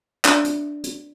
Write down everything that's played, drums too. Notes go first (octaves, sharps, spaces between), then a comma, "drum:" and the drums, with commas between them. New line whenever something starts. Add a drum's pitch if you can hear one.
D4 D5 E5, drum: clap
drum: hi-hat
drum: hi-hat